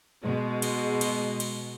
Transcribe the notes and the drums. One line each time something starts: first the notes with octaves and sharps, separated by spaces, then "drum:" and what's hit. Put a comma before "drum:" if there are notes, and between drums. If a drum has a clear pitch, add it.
B2 G#3
drum: cymbal
drum: cymbal
drum: cymbal